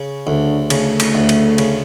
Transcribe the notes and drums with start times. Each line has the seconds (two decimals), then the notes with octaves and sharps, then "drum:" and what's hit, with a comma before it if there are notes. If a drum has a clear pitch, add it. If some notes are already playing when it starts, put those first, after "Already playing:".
Already playing: C#3
0.26 D2 D3
0.70 C#3 A3, drum: cymbal
1.00 drum: cymbal
1.15 D2
1.29 drum: cymbal
1.58 C#3, drum: cymbal